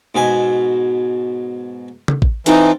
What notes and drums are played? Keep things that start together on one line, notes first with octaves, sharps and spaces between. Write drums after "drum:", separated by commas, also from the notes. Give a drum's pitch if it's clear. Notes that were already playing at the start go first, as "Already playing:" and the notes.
G#2 B2 G#5
drum: tom
drum: kick A1
E3 C4 D#4 F4 A4, drum: hi-hat